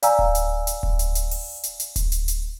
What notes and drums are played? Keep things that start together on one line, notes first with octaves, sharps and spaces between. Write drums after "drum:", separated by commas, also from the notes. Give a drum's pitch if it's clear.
D5 F5 G#5 A#5 E6, drum: hi-hat
drum: kick D1
drum: hi-hat
drum: hi-hat
drum: kick D1
drum: hi-hat
drum: hi-hat
drum: open hi-hat
drum: hi-hat
drum: hi-hat
drum: kick D1, hi-hat
drum: hi-hat
drum: hi-hat